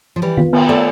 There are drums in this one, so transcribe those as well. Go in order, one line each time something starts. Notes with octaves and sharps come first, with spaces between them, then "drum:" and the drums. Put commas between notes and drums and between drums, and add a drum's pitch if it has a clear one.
F3
E3 G3 B4
F4, drum: tom D#3
B3, drum: cymbal
A3 C4 D5